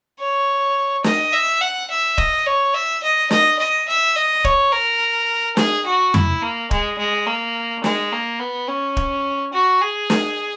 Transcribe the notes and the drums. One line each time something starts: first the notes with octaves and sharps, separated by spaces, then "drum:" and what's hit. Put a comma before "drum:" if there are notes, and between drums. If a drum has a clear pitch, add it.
C#5
D#5, drum: snare
E5
F#5
E5
D#5, drum: kick
C#5
E5
D#5
D#5, drum: snare
D#5
E5
D#5
C#5, drum: kick
A#4
G#4, drum: snare
F#4
E4, drum: tom F2
A#3
G#3, drum: kick
G#3
A#3
G#3, drum: snare
A#3
B3
C#4
drum: kick
F#4
G#4
drum: snare